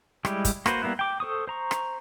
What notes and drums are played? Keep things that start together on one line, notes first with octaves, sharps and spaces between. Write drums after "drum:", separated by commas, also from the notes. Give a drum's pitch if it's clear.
G3 G#3 E4 G4, drum: rim click
drum: kick, hi-hat
A#3 F#4 B4 C5, drum: rim click
G3 A#3 B3 E4 F#6
G5 D6
A4 C5 C#6 D#6
C5 A#5 C#6
drum: rim click